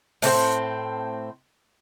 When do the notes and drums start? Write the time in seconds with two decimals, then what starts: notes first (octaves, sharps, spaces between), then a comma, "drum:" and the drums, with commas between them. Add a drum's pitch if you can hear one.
0.22 A2 C4 F#4 C5, drum: open hi-hat